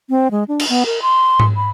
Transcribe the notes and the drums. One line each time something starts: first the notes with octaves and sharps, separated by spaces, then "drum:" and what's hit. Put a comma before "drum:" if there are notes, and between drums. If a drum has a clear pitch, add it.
C4
G#3
D4
drum: cymbal
B3
A#4
C6
drum: tom G#2
B5